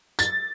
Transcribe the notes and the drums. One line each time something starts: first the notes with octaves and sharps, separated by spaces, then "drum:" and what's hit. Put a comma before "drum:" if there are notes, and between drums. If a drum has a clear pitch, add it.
A6, drum: tambourine